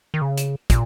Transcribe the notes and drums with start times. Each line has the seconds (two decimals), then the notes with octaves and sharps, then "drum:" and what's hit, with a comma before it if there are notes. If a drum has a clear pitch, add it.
0.14 D#3
0.22 C#3
0.38 drum: hi-hat
0.70 A#2, drum: kick, hi-hat